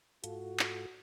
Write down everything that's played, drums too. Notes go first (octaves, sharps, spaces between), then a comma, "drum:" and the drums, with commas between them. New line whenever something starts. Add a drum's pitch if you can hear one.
G#2 F4 F#4 A4, drum: hi-hat
drum: clap